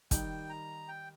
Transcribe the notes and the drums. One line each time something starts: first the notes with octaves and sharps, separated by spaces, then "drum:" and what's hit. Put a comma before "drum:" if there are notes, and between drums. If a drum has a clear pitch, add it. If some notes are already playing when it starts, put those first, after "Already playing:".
D#3 G3 D#4 G5, drum: kick, hi-hat
A#5
G5